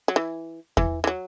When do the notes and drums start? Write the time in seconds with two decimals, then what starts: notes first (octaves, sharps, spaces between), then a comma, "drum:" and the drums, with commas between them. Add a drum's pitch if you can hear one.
0.08 F#3
0.16 E3
0.77 E3, drum: kick E2
1.04 E3
1.07 F#3